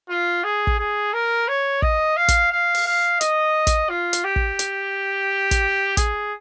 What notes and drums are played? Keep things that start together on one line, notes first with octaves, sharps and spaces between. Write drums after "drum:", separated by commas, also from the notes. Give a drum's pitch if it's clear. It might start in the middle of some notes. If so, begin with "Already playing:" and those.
F4
G#4
drum: kick
G#4
A#4
C#5
D#5, drum: kick
F5
drum: kick, hi-hat
F5
drum: open hi-hat
F5
D#5, drum: hi-hat
drum: kick, hi-hat
F4
drum: hi-hat
G4
drum: kick
drum: hi-hat
drum: kick, hi-hat
G#4, drum: kick, hi-hat